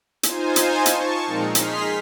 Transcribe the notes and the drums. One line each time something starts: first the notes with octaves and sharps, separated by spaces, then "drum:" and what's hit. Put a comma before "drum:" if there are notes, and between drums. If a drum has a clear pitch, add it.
D#4 F4 C5 G#5, drum: hi-hat
drum: hi-hat
A5 C#6, drum: hi-hat
A#2 F3 G#3 C4 D#4 A#4
D#4 G#4 C6 F6 B6 C7, drum: hi-hat